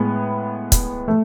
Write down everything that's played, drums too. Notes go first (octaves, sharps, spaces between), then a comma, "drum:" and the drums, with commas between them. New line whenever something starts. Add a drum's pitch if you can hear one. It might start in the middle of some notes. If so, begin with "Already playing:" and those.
Already playing: A2 G#3 B3
drum: kick, hi-hat
A3